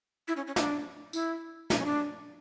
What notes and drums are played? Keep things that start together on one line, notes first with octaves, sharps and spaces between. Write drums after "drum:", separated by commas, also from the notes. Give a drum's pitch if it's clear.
E4
C#4
C#4
D4, drum: snare
E4, drum: tambourine
D4, drum: snare
C#4
D4